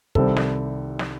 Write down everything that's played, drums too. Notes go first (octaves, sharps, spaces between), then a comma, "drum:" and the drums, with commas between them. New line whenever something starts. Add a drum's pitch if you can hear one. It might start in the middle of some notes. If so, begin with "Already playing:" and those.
C2 C3 D#3 G3 C4 A4, drum: kick
drum: snare
drum: snare